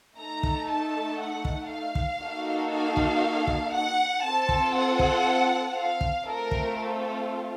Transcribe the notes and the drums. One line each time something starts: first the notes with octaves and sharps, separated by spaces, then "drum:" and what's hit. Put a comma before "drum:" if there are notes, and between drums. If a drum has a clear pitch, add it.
A3 D#4 A4 A#5
drum: kick
A5
F#5
drum: kick
F5
drum: kick
A#3 D#4 F#4 A4
F5
drum: kick
drum: kick
F#5
C4 F4 A4 A5
drum: kick
F#5
drum: kick
F5
drum: kick
A3 C4 F4 A4 A#4
drum: kick
A4